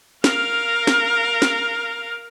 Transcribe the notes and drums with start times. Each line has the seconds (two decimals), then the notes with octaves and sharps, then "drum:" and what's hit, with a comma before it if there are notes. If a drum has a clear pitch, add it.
0.24 A#4 F5, drum: snare
0.87 drum: snare
1.42 drum: snare